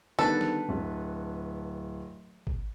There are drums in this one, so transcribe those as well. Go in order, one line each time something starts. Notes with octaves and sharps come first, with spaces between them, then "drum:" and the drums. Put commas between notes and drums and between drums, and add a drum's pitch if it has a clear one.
D3 D#3 G3 B3 A4 B4, drum: tom
drum: snare G3
D1
drum: kick G#1